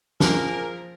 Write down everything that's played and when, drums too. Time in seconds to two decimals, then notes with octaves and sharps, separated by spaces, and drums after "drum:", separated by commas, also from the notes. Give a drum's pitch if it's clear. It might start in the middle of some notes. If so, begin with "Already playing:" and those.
0.20 F3 A#3 G#4 A#4, drum: snare